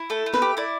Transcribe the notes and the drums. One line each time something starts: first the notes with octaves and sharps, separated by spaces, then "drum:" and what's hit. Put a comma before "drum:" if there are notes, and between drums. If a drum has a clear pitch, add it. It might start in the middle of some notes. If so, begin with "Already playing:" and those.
Already playing: E4
A3 A4
A3
B4, drum: snare
G4
E4 D5